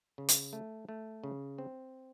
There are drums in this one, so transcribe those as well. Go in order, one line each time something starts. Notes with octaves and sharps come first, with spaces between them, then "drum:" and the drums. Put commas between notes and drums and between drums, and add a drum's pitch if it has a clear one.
C#3
drum: hi-hat
A3
A3
C#3
C4